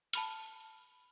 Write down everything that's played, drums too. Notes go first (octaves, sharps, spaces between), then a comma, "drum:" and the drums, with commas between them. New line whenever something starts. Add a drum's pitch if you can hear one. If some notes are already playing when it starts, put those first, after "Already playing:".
A5 B5 F6, drum: hi-hat